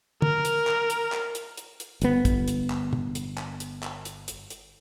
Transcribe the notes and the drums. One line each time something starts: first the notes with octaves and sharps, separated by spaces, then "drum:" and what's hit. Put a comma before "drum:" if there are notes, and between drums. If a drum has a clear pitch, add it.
A#4, drum: tom
drum: hi-hat
drum: clap
drum: hi-hat
drum: clap
drum: hi-hat
drum: hi-hat
drum: hi-hat
G1 B3, drum: hi-hat
drum: kick, hi-hat
drum: hi-hat
drum: clap
drum: tom
drum: hi-hat
drum: clap
drum: hi-hat
drum: clap
drum: hi-hat
drum: hi-hat
drum: hi-hat